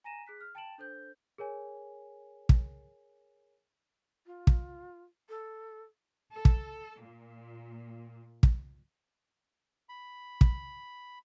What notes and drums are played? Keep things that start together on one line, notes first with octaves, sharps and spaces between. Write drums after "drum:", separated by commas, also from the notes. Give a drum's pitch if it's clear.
G#5 A#5 A#6 D#7 E7
G#4 F#6 B6
F6
G5 A5 A6 D7 E7 F#7
D4 A4 C5 G6
G#4 A#4 C#5 G#5
drum: kick
F4
drum: kick
A4
A4
drum: kick
A#2
drum: kick
B5
drum: kick